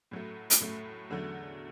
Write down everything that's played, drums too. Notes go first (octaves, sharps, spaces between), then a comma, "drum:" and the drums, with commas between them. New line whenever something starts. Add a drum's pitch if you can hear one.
A2 F#3 A3
drum: hi-hat
A2 F#3 A3
E2 D3 F#3 A3